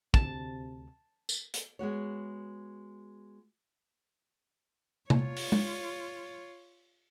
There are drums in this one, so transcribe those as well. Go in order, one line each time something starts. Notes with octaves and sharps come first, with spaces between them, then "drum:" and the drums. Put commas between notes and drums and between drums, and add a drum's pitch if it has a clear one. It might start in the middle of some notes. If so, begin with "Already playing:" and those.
D2 C3 A5, drum: kick
drum: tambourine
drum: hi-hat
G#3 B3 F#4 C#5
F4 C#5, drum: tom C3
drum: open hi-hat
drum: tom G#3